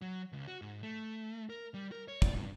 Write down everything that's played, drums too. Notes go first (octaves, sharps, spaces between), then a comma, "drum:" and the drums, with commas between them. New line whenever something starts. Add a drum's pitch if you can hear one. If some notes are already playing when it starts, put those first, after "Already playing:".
F#3
C#2
F#4
G#2
A3
A#4
G3
A#4
C#5
D5, drum: kick
G2